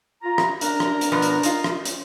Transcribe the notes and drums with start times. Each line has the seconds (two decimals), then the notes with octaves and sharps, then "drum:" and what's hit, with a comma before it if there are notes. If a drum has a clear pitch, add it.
0.23 F4 A#5
0.38 drum: rim click
0.61 D4 A#4 A#5, drum: hi-hat
0.80 drum: rim click
1.01 drum: hi-hat
1.12 B2 F3 B3
1.22 drum: hi-hat
1.43 D#4 F4, drum: hi-hat
1.64 drum: rim click
1.85 drum: hi-hat